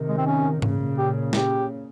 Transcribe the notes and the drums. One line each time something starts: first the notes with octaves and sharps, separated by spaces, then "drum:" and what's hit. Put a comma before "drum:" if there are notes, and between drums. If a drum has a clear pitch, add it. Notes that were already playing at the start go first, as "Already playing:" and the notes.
Already playing: C3 D#3
G#3
C4
C#4
A#2 C#3, drum: tom G#2
G4
G4, drum: snare